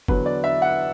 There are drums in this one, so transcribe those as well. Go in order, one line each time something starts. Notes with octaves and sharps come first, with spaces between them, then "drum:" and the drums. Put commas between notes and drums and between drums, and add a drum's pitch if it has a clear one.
E2 D3 F#3 B4, drum: kick F#1
D5
E5
F#5